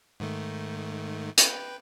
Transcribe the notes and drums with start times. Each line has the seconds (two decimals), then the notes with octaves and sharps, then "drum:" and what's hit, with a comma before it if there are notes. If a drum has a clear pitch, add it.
0.20 G#2 D#3 A3
1.38 B4 G5, drum: hi-hat